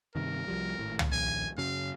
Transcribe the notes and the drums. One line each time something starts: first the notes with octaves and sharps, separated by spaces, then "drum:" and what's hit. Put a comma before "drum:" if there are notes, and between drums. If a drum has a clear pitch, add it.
G2 C3 D#3 A#4
C2 F3 G3
G#1 A2
drum: tom
A#1 D#2 G#5
F#2 C#3 F#3 F5